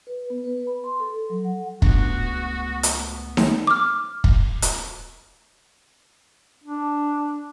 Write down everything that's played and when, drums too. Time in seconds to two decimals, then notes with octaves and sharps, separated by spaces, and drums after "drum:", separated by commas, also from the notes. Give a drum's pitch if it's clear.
0.07 B4
0.30 B3
0.44 B4
0.67 B5
0.84 C6
1.00 A4
1.30 F#3
1.45 F#5
1.82 C#2 A2 B3 D4 F#4, drum: kick
2.83 drum: hi-hat
3.37 drum: snare D#4
3.67 D6 F6
4.24 drum: kick
4.62 drum: hi-hat
6.64 D4